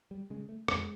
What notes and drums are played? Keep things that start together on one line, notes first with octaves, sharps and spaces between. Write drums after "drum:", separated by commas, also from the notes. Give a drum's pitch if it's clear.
G3
C#3 G#3
A3
F2 G#3, drum: rim click